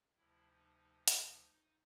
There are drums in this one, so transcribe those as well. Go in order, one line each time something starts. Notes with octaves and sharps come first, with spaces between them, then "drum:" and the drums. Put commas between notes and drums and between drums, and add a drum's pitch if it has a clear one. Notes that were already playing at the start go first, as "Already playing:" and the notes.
D2 C3 F3 E4
D#4
drum: hi-hat